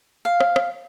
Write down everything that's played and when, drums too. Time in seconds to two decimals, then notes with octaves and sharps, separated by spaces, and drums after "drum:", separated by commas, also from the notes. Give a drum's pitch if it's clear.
0.25 F5
0.40 drum: rim click
0.56 drum: rim click